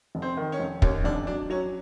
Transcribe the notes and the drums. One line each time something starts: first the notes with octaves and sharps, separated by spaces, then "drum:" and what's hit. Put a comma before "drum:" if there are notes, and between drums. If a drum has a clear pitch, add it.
F1
C4
D#3
C#4
F1
D#2 C#4, drum: kick
F1 D4
F#3 D4
F#3 C#4